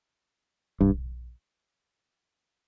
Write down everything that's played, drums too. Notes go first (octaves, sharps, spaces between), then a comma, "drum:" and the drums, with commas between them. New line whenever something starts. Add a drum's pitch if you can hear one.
G2, drum: kick